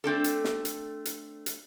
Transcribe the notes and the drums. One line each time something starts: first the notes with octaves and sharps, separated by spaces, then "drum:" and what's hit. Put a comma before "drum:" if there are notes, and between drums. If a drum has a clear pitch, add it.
A3 C4 D4 A4
drum: hi-hat
drum: snare
drum: hi-hat
drum: hi-hat
drum: hi-hat